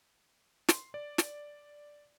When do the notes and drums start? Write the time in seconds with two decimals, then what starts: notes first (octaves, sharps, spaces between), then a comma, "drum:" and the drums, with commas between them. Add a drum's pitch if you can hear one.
0.69 C6, drum: snare
0.94 D5
1.18 drum: snare